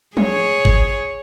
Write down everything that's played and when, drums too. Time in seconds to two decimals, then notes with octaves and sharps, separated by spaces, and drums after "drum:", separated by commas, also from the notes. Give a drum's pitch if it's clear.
0.17 G#4 C#5, drum: tom
0.65 drum: kick